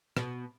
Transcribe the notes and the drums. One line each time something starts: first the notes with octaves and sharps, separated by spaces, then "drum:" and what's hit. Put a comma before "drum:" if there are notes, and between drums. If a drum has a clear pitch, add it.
B2, drum: rim click